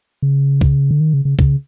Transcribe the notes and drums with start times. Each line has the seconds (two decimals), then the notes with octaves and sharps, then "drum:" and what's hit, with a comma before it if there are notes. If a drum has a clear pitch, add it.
0.22 C#3
0.61 drum: kick C2
0.91 D3
1.00 D#3
1.13 C#3
1.25 C#3
1.39 C#3, drum: kick C2